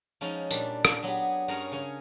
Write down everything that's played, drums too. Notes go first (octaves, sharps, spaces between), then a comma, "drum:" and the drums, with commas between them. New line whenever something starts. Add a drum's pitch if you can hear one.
F3 G#3 C#4 D#4
A#2 G3 D4, drum: tambourine
G#4, drum: rim click
F#3 B3 G4 G#4
G2 C#4 G#4 A#4 C#5 A#5
C#3 C#4